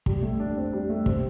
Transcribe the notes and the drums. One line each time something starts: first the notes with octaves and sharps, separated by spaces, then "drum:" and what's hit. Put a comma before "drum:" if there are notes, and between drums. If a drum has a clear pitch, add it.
G3, drum: kick
A3
D4
C4
G3
A3
C4, drum: kick